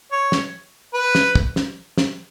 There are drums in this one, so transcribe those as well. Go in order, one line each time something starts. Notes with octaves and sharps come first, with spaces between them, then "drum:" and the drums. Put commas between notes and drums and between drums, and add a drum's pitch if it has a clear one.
C#5
drum: snare
B4
drum: snare
drum: kick
drum: snare
drum: snare